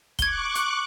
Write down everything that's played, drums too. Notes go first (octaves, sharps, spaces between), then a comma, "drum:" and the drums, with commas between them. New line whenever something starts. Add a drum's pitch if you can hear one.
C#6 D6 F#6 G#6 G7, drum: kick, hi-hat
drum: hi-hat